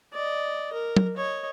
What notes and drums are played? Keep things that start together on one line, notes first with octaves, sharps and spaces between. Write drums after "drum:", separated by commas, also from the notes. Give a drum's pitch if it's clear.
D5 D#5
A#4
drum: tom
C#5 D#5